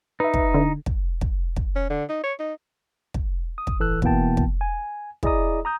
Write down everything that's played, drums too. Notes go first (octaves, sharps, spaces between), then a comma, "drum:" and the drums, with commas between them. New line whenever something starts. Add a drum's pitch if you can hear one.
D#4 B4 E5
drum: kick
D3
drum: kick
drum: kick
drum: kick
C#4
D3
D#4
C#5
D#4
drum: kick
D#6
drum: kick
A1 E3 A4 E6 F#6
B2 E3 A#3 B3 G5 A5, drum: kick
drum: kick
G#5
E4 G#4 D5 D#5 A#5 D#6, drum: kick
A#5 D#6 G6